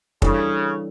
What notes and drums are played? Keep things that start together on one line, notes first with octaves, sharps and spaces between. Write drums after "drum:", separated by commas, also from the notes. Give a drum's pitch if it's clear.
C#3 E3 G3 D4 A4 C#5, drum: kick